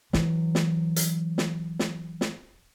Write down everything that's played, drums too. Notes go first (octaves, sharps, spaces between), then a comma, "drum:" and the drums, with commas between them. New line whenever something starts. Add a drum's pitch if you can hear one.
E3 F#3, drum: snare
drum: snare
drum: hi-hat
drum: snare
drum: snare
drum: snare